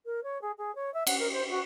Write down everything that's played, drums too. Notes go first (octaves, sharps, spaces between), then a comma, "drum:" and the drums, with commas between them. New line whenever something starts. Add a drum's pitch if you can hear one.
A#4
C#5
G#4
G#4
C#5
E5
F#5, drum: cymbal
A#4
C5
F#4